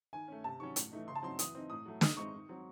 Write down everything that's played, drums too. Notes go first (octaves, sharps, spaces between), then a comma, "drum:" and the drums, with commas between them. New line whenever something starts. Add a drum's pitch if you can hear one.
D#3 G#5
A3 C#4
C3 A5
D#3 F#3 C#4 C#6
A2, drum: hi-hat
E3 A3 D#4
C#3 C6
A5
F#3 C4 D#4 C6
E3 D#6, drum: hi-hat
C4 D#4
A2 D#6
F#3 A3
D#3 D#6, drum: snare
G#3 C4 D#4 C#6
D#3
F#3 C4